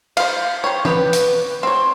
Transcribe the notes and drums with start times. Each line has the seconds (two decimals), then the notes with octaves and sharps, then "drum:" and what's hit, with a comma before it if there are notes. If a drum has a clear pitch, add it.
0.17 C5 F5, drum: cymbal
0.64 C5 C#5 G5
0.85 B3 G4 B4, drum: tom
1.13 drum: hi-hat
1.63 C4 C#5 C6